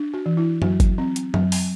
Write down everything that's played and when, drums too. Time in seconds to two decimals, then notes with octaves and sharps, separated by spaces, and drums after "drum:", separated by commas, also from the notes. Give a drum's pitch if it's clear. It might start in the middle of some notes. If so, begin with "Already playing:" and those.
Already playing: D4
0.14 F#4
0.26 E3
0.37 E4
0.62 F#3 F#4, drum: tom F#2
0.80 drum: kick G1, hi-hat
0.98 C4
1.16 drum: hi-hat
1.34 F#3, drum: tom F#2
1.52 drum: open hi-hat